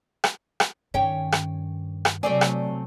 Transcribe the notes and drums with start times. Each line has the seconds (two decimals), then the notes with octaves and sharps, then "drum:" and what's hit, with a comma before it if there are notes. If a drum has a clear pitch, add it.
0.24 drum: rim click
0.60 drum: rim click
0.94 G2 D#3 C#4 G4 C#5 G5
1.32 drum: rim click
2.05 drum: rim click
2.23 C3 F#3 A3 C4 D5 G#5
2.41 drum: rim click